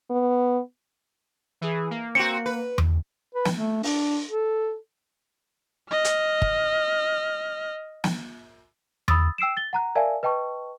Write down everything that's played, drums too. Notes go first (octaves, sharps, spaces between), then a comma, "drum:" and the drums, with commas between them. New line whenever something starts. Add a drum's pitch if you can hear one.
B3
E3 G#4
A#3
C4 F#4 C#7
B4
drum: tom E2
B4
drum: snare
A3
D4, drum: open hi-hat
A4
D#5 F6
drum: hi-hat
drum: kick
drum: snare
B5 D#6 E6 A6, drum: tom E2
G5 E6 C7 D7 E7
A6 G7
F#5 A#5 F#6
A#4 D5 E5 F5 G#5 A5
B4 D#5 G5 A5 C#6